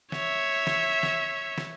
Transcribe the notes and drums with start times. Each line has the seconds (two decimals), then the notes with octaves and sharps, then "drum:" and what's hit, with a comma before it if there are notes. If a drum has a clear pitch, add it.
0.12 C#5 E5, drum: snare
0.67 drum: snare
1.03 drum: snare
1.58 drum: snare